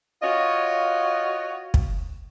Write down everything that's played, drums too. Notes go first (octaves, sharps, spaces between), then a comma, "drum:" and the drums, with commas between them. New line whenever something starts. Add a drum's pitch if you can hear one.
F4 F#4 C#5 D#5
drum: kick